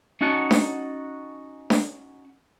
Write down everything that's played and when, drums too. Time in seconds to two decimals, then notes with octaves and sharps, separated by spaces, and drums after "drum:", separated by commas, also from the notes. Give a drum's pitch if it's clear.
0.21 C#4 D#4 F#4 F#5 A5
0.51 drum: snare D4
1.70 drum: snare D4